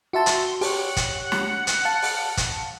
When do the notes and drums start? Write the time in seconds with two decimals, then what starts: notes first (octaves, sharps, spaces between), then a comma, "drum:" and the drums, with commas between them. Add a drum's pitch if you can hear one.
0.13 F#4 E5 A5 C6
0.26 drum: hi-hat
0.61 G4 C#5 F#5, drum: open hi-hat
0.97 drum: kick, hi-hat
1.32 drum: snare
1.67 drum: hi-hat
1.85 F5 A5
2.02 drum: open hi-hat
2.37 drum: kick, hi-hat